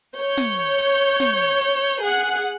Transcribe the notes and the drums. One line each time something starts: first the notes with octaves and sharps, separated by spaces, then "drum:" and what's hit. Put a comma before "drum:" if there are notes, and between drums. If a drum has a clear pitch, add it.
C#5 G6
drum: snare
drum: hi-hat
drum: snare
drum: hi-hat
G#4 F#5 F#6